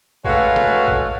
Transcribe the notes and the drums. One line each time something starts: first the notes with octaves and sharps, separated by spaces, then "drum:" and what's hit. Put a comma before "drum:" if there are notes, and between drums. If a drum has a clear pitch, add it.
G#3 A3 C#4 F#4 B4 F5, drum: kick
drum: snare
drum: kick